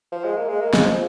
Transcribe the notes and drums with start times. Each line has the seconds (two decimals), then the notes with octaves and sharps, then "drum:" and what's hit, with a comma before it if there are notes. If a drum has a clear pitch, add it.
0.12 F3
0.24 G#3
0.37 A#3
0.48 G#3
0.61 A#3
0.74 G#3, drum: snare
0.85 F3